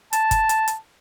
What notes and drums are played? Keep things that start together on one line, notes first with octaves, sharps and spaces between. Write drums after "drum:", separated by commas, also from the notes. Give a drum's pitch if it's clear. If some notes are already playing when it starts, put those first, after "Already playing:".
A5, drum: hi-hat
drum: kick G1, hi-hat
drum: hi-hat
drum: hi-hat